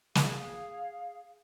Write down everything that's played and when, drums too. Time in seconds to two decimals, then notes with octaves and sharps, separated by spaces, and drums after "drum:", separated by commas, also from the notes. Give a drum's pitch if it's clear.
0.15 G#4 F5, drum: snare